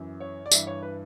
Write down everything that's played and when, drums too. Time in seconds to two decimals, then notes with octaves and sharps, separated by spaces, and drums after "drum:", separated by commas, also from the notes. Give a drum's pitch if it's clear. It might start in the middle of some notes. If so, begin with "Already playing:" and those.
Already playing: F#2 E3
0.20 C#5
0.46 D5
0.51 G2 E3 E5, drum: tambourine
0.67 C#5
0.82 B4